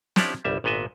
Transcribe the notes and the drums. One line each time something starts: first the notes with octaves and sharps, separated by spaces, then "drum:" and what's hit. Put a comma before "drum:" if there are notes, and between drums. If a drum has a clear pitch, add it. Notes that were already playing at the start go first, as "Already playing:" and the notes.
F3 C#4 D4 E4 G4 D5, drum: snare
G1 C2 G3 E5
G#1 A#2 B3 D#5 E5